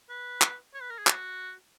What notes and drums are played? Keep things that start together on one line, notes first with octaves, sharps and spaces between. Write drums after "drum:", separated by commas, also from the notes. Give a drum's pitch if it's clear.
B4
drum: clap
C#5
B4
A#4
G#4
F#4, drum: clap